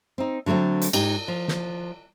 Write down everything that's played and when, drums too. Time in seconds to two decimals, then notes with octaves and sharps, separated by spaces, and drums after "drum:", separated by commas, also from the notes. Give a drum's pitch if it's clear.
0.18 C4 D#4
0.46 D3 F#3 G#3 A3 C4
0.82 drum: hi-hat
0.93 G#2 D#4 G4, drum: cymbal
1.28 F3
1.48 drum: snare